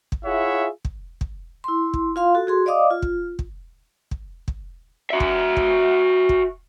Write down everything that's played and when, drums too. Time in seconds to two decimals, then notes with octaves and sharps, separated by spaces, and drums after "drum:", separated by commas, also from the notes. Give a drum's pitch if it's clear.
0.12 drum: kick
0.24 E4 F4 G#4 C#5 E5 F#5
0.85 drum: kick
1.21 drum: kick
1.64 E4 C6
1.93 drum: kick
2.16 F4 F5 C6
2.35 F#4 A4
2.47 F#4 G#4 C6
2.66 D5 D#5 F5 D6 D#6
2.91 F4
3.02 drum: kick
3.39 drum: kick
4.11 drum: kick
4.48 drum: kick
5.11 F#4 E5
5.20 drum: kick
5.57 drum: kick
6.29 drum: kick